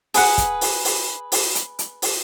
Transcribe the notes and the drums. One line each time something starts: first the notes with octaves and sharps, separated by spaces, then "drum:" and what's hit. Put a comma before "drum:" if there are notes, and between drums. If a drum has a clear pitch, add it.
G#4 B4 F#5, drum: open hi-hat
drum: kick, hi-hat
drum: open hi-hat
drum: open hi-hat
drum: open hi-hat
drum: hi-hat
drum: hi-hat
drum: open hi-hat